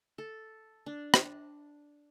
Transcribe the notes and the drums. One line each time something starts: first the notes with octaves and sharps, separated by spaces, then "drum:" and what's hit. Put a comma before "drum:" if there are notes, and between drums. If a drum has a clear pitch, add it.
A4
D4
drum: rim click